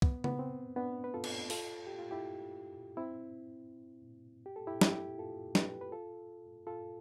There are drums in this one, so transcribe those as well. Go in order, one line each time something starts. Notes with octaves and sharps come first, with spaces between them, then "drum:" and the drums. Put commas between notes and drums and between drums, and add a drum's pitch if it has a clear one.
B3, drum: kick
B3, drum: tom C#3
C4
B3 D4
B4
F4 A4
drum: cymbal
F4 A4, drum: open hi-hat
G4
F4
E4 G4
C4 E4
G4
A4
E4 G4
E4 G4, drum: snare
F4 A4
G4 B4, drum: snare
B4
F4 A4
F4 A4